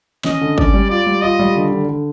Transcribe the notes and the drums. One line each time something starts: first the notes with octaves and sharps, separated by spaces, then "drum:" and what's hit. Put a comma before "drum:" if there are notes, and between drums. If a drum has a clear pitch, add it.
C#4 D#5, drum: snare
D3
C#4 D5, drum: kick G1
G3
F4 D5
G3
F4 D#5
G3
D3
D3
D3